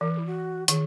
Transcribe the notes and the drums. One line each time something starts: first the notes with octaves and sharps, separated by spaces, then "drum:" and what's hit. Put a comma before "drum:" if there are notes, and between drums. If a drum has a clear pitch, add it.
E3 A#4
B4
E4
F#4
D#3 G#4, drum: hi-hat